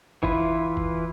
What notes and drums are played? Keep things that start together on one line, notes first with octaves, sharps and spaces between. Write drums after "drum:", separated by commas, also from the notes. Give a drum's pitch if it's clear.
E3 E4 F4 B4, drum: kick F#1
drum: kick F#1